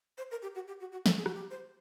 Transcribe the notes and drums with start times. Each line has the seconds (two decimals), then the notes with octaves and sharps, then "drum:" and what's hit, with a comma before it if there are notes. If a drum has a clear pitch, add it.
0.18 C5
0.31 A#4
0.42 G4
0.55 F#4
0.68 G4
0.80 F#4
0.92 F#4
1.06 A4, drum: snare
1.18 G#4
1.26 F#4, drum: rim click
1.35 G4
1.51 C5